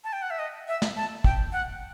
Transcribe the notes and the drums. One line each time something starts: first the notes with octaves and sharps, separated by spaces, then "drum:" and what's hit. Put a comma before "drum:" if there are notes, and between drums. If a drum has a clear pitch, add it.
A5
G5
F#5
E5
D#5
E5
drum: snare
A5
G5, drum: kick
F#5